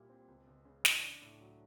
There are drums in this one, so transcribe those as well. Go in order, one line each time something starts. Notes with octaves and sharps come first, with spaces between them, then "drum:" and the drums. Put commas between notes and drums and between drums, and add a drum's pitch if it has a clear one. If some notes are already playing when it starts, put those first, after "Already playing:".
Already playing: A#2 G3 E4
C4
C#2
C#2
C#3
E3, drum: snare
D4
A2
F#3